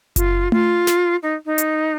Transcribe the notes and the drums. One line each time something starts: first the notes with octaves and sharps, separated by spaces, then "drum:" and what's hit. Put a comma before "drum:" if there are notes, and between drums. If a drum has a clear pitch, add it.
F4, drum: kick F#1, hi-hat
F4, drum: tom A3
drum: snare
D#4
D#4
drum: hi-hat